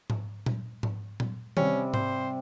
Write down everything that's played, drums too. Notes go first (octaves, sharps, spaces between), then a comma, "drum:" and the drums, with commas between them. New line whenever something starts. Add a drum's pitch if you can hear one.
drum: tom G#2
drum: tom A#2
drum: tom G#2
drum: tom A#2
C3 G3 C#4, drum: tom D#3
C5, drum: tom G#2